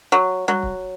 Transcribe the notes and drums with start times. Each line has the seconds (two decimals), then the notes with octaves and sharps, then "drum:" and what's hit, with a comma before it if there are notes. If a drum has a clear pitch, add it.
0.12 F#3
0.48 F#3, drum: tom G3
0.63 drum: kick C#1